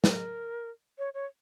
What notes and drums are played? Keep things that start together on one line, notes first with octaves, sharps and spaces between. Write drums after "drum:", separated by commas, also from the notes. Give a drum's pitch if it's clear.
A#4, drum: snare
C#5
C#5